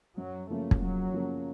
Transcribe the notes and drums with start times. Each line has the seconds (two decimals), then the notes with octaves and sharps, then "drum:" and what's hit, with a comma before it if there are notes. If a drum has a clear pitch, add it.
0.17 F#2 F#3
0.50 C#3 F3 A3 A#3 C#4
0.71 drum: kick
0.81 F#2 F#3
1.13 C#3 F3 A#3 C#4